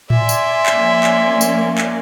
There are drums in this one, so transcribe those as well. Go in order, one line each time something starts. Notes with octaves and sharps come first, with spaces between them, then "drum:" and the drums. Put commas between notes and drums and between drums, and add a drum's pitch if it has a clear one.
D5 E5 G#5 C6, drum: tom A2
drum: tambourine
drum: clap
F3 A#3 C#4
drum: clap
drum: tambourine
drum: clap